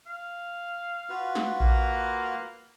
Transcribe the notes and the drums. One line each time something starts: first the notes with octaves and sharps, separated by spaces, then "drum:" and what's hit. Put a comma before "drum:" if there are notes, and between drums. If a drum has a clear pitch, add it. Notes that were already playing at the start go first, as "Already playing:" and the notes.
F5
F4 F#4 B4
drum: snare
A#3, drum: kick A#1